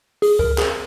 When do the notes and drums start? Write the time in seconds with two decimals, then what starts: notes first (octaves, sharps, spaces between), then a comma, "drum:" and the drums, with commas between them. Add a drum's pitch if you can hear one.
0.22 G#4, drum: open hi-hat
0.39 A#4, drum: kick C#2
0.58 G#4, drum: clap